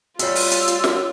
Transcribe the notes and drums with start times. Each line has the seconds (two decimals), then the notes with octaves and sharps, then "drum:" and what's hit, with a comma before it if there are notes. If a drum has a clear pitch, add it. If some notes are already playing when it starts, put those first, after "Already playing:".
0.19 G3 C#4 F4 F#4 C#5 E6, drum: hi-hat
0.35 drum: open hi-hat
0.51 drum: hi-hat
0.68 drum: hi-hat
0.84 drum: snare